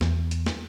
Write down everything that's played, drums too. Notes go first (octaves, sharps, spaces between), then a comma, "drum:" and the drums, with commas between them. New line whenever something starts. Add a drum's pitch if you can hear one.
E2, drum: snare
drum: hi-hat
drum: snare